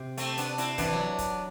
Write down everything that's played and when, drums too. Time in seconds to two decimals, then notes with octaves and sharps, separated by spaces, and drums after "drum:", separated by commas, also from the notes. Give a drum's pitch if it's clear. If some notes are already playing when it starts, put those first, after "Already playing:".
Already playing: C3
0.17 A3 C4, drum: hi-hat
0.37 B3 D4, drum: hi-hat
0.58 C4 E4, drum: hi-hat
0.78 E3 B3 D4, drum: kick, hi-hat
0.93 F#3
1.18 drum: kick, hi-hat